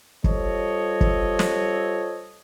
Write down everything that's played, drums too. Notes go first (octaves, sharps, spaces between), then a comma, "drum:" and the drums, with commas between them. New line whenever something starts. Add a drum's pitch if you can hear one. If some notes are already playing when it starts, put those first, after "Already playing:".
G3 F4 A4 C5 C#5 D#5, drum: kick
drum: kick
drum: snare